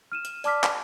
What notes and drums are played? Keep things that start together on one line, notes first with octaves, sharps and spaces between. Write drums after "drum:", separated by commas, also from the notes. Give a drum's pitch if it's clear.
F6 D#7 E7
drum: hi-hat
D5 A5 D6 F6 B6, drum: open hi-hat
drum: clap